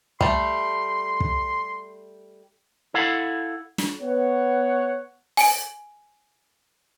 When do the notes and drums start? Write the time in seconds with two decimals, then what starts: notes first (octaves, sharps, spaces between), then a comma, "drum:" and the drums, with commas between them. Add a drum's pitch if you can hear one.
0.21 G3 A3 C6, drum: kick
1.20 drum: kick
2.94 E4 A4 F5 F#5
3.78 drum: snare
4.01 B3 C#5 F#5
5.37 G#5 D7, drum: open hi-hat